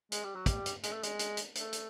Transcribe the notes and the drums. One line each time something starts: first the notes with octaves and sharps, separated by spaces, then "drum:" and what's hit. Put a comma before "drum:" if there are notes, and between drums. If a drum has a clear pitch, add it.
G#3, drum: hi-hat
G3
F#3
G3, drum: kick, hi-hat
drum: hi-hat
G#3, drum: hi-hat
A3
G#3, drum: hi-hat
drum: hi-hat
drum: hi-hat
A3, drum: hi-hat
drum: hi-hat